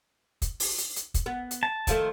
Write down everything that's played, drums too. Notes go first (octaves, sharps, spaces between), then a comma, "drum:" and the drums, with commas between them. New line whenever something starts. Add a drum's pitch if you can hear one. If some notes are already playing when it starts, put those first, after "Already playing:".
drum: kick, hi-hat
drum: open hi-hat
drum: hi-hat
drum: hi-hat
drum: kick, hi-hat
B3
drum: hi-hat
A5
D#3 F3 A3, drum: kick, hi-hat